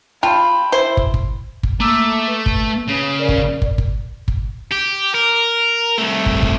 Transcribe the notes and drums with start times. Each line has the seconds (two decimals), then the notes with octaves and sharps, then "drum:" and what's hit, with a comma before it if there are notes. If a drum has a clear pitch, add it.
0.23 F4 G5 A5 B5 C6
0.72 E4 C5
0.97 drum: kick
1.14 drum: kick
1.63 drum: kick
1.80 A3 A#3 D6 E6
2.28 B4
2.46 drum: kick
2.88 C#3
3.19 A#4 D5
3.29 drum: kick
3.62 drum: kick
3.78 drum: kick
4.28 drum: kick
4.71 G4
5.14 A#4
5.98 C2 A3
6.26 drum: kick
6.43 drum: kick